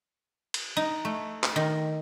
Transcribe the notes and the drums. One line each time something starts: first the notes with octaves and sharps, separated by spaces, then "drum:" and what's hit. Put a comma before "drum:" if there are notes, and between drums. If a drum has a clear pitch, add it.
drum: cymbal
D#4
A3
drum: clap
D#3